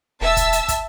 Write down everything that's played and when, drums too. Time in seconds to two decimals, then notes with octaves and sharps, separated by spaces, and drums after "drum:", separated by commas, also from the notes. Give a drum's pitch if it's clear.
0.21 E1 E5 A5 E6
0.37 drum: kick, hi-hat
0.53 drum: hi-hat
0.68 drum: kick, hi-hat